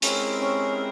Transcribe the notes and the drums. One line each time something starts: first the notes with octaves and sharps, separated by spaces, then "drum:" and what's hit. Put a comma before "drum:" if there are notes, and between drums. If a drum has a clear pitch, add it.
G#3 C4 C#4 E4 G4 A#4, drum: hi-hat
C#4